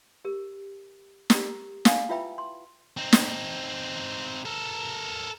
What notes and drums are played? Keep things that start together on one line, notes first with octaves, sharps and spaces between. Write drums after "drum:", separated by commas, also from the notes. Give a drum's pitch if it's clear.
G4 A#4
G4 A#4 A#5, drum: snare
F5 F#5 G#5, drum: snare
E4 F4 B4 E5 G5 B5
C6
C4 D#4
drum: snare
A4 A#4